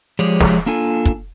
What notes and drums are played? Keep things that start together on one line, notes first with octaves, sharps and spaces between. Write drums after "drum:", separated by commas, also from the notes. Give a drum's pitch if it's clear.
F3 G#3 G4 G#4 C#5 D5, drum: hi-hat
drum: snare
A#3 D4 F4 A4 G#5
drum: kick, hi-hat